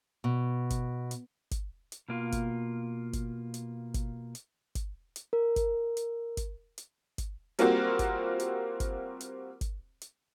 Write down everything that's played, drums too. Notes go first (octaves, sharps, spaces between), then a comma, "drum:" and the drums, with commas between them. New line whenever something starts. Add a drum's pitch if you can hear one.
B2
drum: kick G1, hi-hat
drum: hi-hat
drum: kick G1, hi-hat
drum: hi-hat
B2 A#3 F4
drum: kick G1, hi-hat
drum: kick G1, hi-hat
drum: hi-hat
drum: kick G1, hi-hat
drum: hi-hat
drum: kick G1, hi-hat
drum: hi-hat
A#4
drum: kick G1, hi-hat
drum: hi-hat
drum: kick G1, hi-hat
drum: hi-hat
drum: kick G1, hi-hat
G3 A#3 C4 F4 F#4 C5, drum: hi-hat
drum: kick G1, hi-hat
drum: hi-hat
drum: kick G1, hi-hat
drum: hi-hat
drum: kick G1, hi-hat
drum: hi-hat